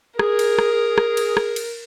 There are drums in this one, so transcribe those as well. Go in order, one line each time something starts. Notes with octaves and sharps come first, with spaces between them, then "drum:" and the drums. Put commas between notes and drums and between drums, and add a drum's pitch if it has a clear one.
G#4 A#4, drum: rim click
drum: cymbal
drum: rim click
G#4
drum: rim click
drum: cymbal
drum: rim click
drum: cymbal